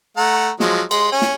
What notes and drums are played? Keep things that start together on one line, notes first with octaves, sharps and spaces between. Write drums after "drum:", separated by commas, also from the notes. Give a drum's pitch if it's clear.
A3 F#5 A#5
F3 F#3 G#3, drum: snare
G#3 C6, drum: cymbal
C#4 G#5
drum: snare